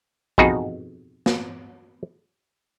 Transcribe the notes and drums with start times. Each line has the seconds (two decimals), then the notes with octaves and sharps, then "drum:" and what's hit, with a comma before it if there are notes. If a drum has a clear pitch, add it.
0.38 F2 B2 D#4 F#4 G#4, drum: kick
1.26 drum: snare